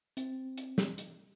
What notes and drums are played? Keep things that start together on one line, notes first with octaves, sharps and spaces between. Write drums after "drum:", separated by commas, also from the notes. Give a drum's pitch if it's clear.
C4, drum: hi-hat
drum: hi-hat
drum: snare
drum: hi-hat